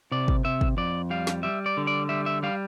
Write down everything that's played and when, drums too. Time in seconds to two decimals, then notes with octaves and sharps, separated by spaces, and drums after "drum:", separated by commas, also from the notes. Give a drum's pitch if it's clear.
0.11 C3 D5
0.28 drum: kick
0.45 C3 E5
0.61 drum: kick
0.77 F2 D5
1.10 G3 F5
1.27 drum: snare
1.43 G3 E5
1.66 D5
1.77 D3
1.87 D5
2.09 G3 E5
2.26 E5
2.43 G3 F5